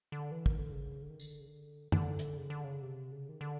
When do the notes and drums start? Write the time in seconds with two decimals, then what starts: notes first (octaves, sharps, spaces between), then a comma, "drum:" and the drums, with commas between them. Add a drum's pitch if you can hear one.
0.12 D3
0.32 E3
0.46 D#3, drum: kick
0.58 D3
0.71 C#3
1.02 D3
1.10 D#3
1.20 D3, drum: tambourine
1.41 C#3
1.47 D3
1.92 D3, drum: tom F#2
2.19 drum: hi-hat
2.37 C#3
2.50 D3
2.64 C#3
2.82 C3
3.12 C#3
3.29 D#3
3.41 D3